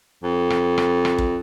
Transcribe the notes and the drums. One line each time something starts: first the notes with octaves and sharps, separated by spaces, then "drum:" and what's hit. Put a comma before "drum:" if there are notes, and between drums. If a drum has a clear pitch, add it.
F2
drum: rim click
drum: rim click
drum: rim click
drum: kick